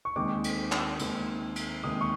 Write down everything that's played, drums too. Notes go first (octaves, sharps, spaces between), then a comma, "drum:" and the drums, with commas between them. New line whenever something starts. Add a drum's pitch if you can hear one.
C#6
D#2 D#3 G#3 C4 D6
drum: cymbal
drum: clap
D#2 D#3 G#3 C4, drum: cymbal
drum: cymbal
D#2 D#3 G#3 C4 D#6
C#6